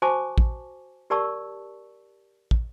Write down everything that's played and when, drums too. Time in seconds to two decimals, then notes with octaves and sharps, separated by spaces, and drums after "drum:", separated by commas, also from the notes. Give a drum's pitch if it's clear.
0.02 F#4 C5 G#5 A5 C#6 D6
0.38 drum: kick
1.10 G4 A#4 D5 A5 C#6 E6
2.51 drum: kick